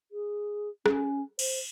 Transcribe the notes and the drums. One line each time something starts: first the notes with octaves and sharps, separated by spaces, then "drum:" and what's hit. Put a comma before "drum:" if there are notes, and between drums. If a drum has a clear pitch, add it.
G#4
C#4, drum: rim click
C5, drum: cymbal